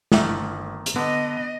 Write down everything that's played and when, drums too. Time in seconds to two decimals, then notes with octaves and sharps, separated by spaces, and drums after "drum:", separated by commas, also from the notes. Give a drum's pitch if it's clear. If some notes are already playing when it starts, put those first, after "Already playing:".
0.12 G1 D#3 A3 A#3, drum: snare
0.86 drum: hi-hat
0.96 D3 B3 D#5